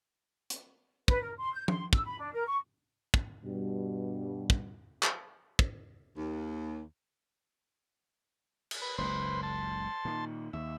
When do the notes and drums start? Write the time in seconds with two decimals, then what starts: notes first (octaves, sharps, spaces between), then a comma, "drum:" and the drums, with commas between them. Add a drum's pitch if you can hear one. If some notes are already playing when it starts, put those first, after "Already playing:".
0.50 drum: hi-hat
1.08 B4, drum: kick
1.21 A#4
1.37 C6
1.52 G6
1.68 C6, drum: tom F3
1.93 E6, drum: kick
2.04 B5
2.19 D4
2.32 A#4
2.46 C#6
3.14 drum: kick
3.45 G2 B2 G3
4.50 drum: kick
5.03 drum: clap
5.59 drum: kick
6.17 D#2
8.71 drum: cymbal
8.82 B4
8.98 F#1 C#2 B4 C5 C6
9.43 A5 C6
10.05 A#2 D#3
10.53 D#2 E5